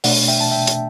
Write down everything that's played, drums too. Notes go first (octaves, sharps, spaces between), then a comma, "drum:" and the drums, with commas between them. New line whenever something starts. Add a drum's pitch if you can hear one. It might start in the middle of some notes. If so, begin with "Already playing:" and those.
B2 A3 D4 D5 F#5, drum: open hi-hat
E5 G5
A5
E5 G5
drum: hi-hat